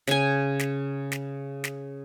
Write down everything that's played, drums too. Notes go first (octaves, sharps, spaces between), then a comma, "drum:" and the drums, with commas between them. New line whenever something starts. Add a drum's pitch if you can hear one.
C#3 G#5, drum: snare
drum: snare
drum: snare
drum: snare